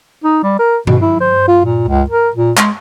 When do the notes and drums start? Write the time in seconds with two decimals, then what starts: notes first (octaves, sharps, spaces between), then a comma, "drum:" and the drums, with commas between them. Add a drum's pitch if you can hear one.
0.24 D#4
0.43 G3
0.59 A#4
0.87 B2, drum: tom G2
1.02 E4
1.20 C5
1.48 F4
1.65 A#2
1.88 C#2
2.10 A#4
2.36 A#2
2.57 G#3, drum: clap